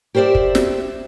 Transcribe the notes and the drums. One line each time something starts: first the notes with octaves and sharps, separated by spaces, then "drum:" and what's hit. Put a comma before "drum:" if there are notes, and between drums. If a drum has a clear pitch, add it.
G4 A#4 C5 D5 E5
drum: kick
drum: snare